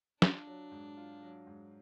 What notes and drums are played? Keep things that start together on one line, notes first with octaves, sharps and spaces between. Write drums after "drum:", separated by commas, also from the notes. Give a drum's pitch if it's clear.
D4 F4, drum: snare
F#3
G#2
F4
F#3
G#2